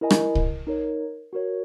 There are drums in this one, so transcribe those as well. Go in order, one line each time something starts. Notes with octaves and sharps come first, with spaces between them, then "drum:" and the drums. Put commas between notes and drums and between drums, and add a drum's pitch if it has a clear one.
E4 A#4 D#5 G#5
drum: rim click
drum: kick C2
D#4 A#4 C#5
F#4 A#4 C#5